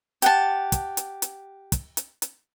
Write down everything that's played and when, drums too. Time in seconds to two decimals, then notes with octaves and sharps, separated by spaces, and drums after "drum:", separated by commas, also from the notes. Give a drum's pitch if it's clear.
0.22 G4 F#5 A5, drum: hi-hat
0.72 drum: kick, hi-hat
0.97 drum: hi-hat
1.22 drum: hi-hat
1.72 drum: kick, hi-hat
1.97 drum: hi-hat
2.22 drum: hi-hat